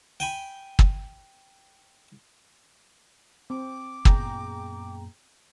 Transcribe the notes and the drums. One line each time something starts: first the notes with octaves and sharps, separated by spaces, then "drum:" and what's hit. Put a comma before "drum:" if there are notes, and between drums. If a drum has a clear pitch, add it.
G5 G#5 B5
drum: kick
C4 D6
F#2 A#2 B3 G#4 G5 A#5, drum: kick